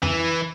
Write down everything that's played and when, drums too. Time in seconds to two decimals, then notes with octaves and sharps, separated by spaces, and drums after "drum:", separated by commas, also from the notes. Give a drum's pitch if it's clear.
0.03 E3, drum: tom F2